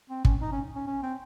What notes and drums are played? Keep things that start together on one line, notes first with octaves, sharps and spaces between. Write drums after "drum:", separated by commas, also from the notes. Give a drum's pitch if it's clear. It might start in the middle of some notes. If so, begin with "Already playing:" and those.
C4
C#4, drum: kick
D#4
C#4
C#4
C#4
C4